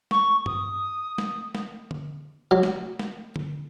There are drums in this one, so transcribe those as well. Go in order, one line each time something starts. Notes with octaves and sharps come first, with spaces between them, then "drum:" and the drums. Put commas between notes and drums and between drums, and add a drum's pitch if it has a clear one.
C#6, drum: snare
D#6, drum: tom G2
drum: snare
drum: snare
drum: tom D3
F#3
drum: snare
drum: snare
drum: tom D3